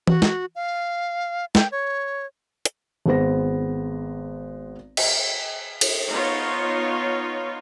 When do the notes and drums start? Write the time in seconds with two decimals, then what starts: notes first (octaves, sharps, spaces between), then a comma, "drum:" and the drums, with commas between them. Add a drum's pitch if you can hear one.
0.07 F#4, drum: tom E3
0.22 drum: snare
0.55 F5
1.55 G5, drum: snare
1.72 C#5
2.65 drum: hi-hat
3.06 G#1 G#3 B3 C5 A#6
4.97 drum: cymbal
5.81 drum: cymbal
6.10 B3 D#4 F4 C#5